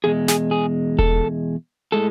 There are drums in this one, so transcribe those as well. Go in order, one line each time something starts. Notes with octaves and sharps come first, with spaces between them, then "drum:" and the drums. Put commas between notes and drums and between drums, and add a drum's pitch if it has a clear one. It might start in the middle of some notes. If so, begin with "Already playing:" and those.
E2 B2 G#3 G#4
G#4, drum: snare
G#4
A4, drum: kick E1
A2 G#3 A4